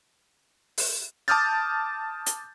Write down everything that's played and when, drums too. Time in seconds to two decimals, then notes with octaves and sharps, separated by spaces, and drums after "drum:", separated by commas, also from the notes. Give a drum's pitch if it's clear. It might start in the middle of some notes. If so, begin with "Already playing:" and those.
0.78 drum: open hi-hat
1.28 A5 D6 D#6 F6 G6 A6
2.26 drum: hi-hat